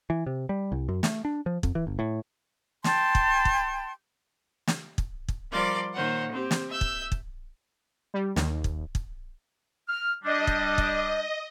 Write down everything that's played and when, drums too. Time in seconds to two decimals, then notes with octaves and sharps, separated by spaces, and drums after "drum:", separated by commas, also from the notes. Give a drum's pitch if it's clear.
0.10 E3
0.26 C3
0.49 G3
0.72 C2
0.89 F#2
1.03 A3, drum: snare
1.25 D4
1.46 F3
1.63 F2, drum: kick
1.75 E3
1.87 G1
1.99 A2
2.84 G5 A5 C6, drum: snare
3.15 drum: kick
3.45 drum: kick
4.67 drum: snare
4.98 drum: kick
5.28 drum: kick
5.51 F3 G3 A#4 D5 C6 D6
5.93 A#2 D#3 C5 C#5 F#5
6.31 C4 G4
6.51 drum: snare
6.69 E5 E6 G6
6.81 drum: kick
7.12 drum: kick
8.14 G3
8.36 D#2, drum: snare
8.64 drum: kick
8.95 drum: kick
9.89 F6
10.25 G3 D4 D#5
10.47 drum: kick
10.78 drum: kick